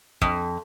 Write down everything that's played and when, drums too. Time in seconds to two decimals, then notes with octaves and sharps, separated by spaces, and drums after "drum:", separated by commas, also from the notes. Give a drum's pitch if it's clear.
0.22 F2, drum: kick